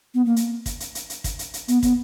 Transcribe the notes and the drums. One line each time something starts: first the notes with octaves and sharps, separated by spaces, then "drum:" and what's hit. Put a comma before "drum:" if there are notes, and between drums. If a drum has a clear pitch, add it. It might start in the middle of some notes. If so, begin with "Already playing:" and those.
B3
A#3
drum: hi-hat
drum: kick, hi-hat
drum: hi-hat
drum: hi-hat
drum: hi-hat
drum: kick, hi-hat
drum: hi-hat
drum: hi-hat
B3, drum: hi-hat
B3, drum: kick, hi-hat